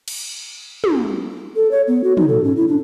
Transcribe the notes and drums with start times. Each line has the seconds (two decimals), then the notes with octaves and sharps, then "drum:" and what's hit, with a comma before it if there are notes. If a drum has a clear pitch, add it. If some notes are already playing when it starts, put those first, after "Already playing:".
0.08 drum: cymbal
0.84 drum: tom
1.56 A4
1.71 C#5
1.88 B3
2.04 F#4
2.17 D#4, drum: tom
2.28 A4
2.44 C#4
2.56 E4
2.68 D4